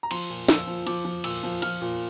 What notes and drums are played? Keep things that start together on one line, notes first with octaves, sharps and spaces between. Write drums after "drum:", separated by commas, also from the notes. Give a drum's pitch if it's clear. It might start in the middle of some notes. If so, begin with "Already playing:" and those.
A#5
F3 C6, drum: cymbal
A#2
F3 E6, drum: snare
F3
F3 D6, drum: cymbal
F3
A#2 E6, drum: cymbal
F3
F3 F6, drum: cymbal
A#2